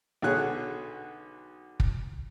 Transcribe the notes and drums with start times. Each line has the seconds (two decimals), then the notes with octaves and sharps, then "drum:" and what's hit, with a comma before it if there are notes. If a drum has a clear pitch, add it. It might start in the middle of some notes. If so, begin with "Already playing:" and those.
0.22 B1 D3 C#4 F#4 G#4 F#6
1.80 drum: kick